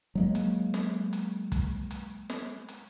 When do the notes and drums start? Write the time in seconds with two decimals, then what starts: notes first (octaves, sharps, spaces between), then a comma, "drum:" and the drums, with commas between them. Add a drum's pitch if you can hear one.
0.15 F#3 G#3 A#3
0.35 drum: hi-hat
0.74 drum: snare
1.13 drum: hi-hat
1.52 drum: kick, hi-hat
1.91 drum: hi-hat
2.30 drum: snare
2.68 drum: hi-hat